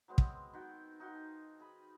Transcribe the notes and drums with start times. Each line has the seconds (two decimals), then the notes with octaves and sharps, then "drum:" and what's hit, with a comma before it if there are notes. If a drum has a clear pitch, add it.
0.08 F#3 G#3 B3 C4
0.18 drum: kick
0.53 D#3 F#4 G5
1.00 D#4 F#4 F5 C6
1.14 A5
1.60 G#4 B5